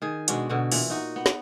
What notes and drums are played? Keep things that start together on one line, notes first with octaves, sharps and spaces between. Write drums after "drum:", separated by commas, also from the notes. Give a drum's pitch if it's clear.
D#3 G#4
B2 G#3 D4 F#4, drum: hi-hat
B2 D3 F#4
A#2 E3, drum: open hi-hat
D#4 F#4
B3
drum: snare